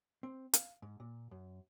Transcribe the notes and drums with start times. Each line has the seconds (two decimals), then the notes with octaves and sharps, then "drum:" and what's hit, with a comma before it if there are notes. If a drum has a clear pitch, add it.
0.23 C4
0.54 F5, drum: hi-hat
0.82 G#2
1.00 A#2
1.31 F#2